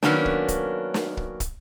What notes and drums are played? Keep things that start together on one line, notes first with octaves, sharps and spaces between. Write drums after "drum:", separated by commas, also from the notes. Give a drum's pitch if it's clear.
D#3 F#3 A#3 B3 C#4 D4, drum: snare
drum: kick
drum: kick, hi-hat
drum: snare
drum: kick
drum: kick, hi-hat